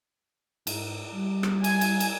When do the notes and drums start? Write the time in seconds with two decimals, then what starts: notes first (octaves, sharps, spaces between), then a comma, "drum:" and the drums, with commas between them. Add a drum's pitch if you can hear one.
0.67 G#2, drum: cymbal
1.13 G3
1.43 drum: rim click
1.64 G#5, drum: cymbal
1.81 drum: cymbal
2.00 drum: cymbal